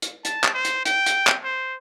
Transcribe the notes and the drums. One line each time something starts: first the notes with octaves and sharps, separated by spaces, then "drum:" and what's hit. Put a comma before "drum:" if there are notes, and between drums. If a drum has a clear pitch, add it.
drum: hi-hat
A5, drum: hi-hat
drum: clap
C5
drum: hi-hat
G5, drum: hi-hat
drum: hi-hat
drum: clap
C5